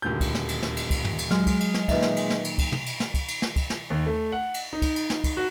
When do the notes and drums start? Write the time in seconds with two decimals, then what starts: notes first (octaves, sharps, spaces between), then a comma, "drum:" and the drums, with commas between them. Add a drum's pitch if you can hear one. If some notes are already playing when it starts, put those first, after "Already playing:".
0.02 D#1 D2 G6
0.21 drum: kick, cymbal
0.35 drum: snare
0.49 drum: cymbal
0.63 drum: snare
0.77 drum: cymbal
0.91 drum: kick, cymbal
1.05 drum: tom
1.18 drum: cymbal
1.31 F#3 G#3 F6, drum: snare
1.46 drum: kick, cymbal
1.60 drum: cymbal
1.74 drum: snare
1.88 A#2 D#3 B4 D#5 E5, drum: kick, cymbal
2.02 drum: snare
2.16 drum: cymbal
2.30 drum: snare
2.44 drum: cymbal
2.58 drum: kick, cymbal
2.72 drum: tom
2.86 drum: cymbal
3.00 drum: snare
3.14 drum: kick, cymbal
3.28 drum: cymbal
3.42 drum: snare
3.56 drum: kick, cymbal
3.70 drum: snare
3.90 D#2
4.07 A3
4.32 F#5
4.54 drum: cymbal
4.73 D#4
4.82 drum: kick, cymbal
4.96 drum: cymbal
5.10 drum: snare
5.24 drum: kick, cymbal
5.37 F#4